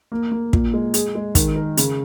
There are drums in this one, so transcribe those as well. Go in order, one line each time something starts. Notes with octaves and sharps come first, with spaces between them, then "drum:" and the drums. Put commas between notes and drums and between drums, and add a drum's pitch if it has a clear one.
A#3
A#3
A#2, drum: kick
G#3
G#4, drum: hi-hat
G#3
D#3, drum: kick, hi-hat
A#4
C#3, drum: hi-hat